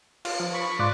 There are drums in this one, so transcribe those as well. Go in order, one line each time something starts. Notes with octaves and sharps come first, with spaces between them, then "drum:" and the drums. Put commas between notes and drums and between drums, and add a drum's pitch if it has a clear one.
F4, drum: cymbal
F3
B5 C#6
G#2 F4 D5 D6 F#6